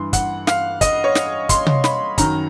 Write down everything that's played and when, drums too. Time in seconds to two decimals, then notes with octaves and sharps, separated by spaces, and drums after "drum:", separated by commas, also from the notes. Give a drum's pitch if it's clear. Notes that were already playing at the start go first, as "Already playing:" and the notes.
Already playing: G2 E3 C6
0.13 F#5, drum: kick, hi-hat
0.47 F5, drum: snare
0.81 D#5, drum: kick, hi-hat
1.04 C#5
1.15 drum: snare
1.49 C6, drum: kick, hi-hat
1.67 drum: tom C3
1.84 B5, drum: snare
2.18 F#2 D#3 A#5, drum: kick, hi-hat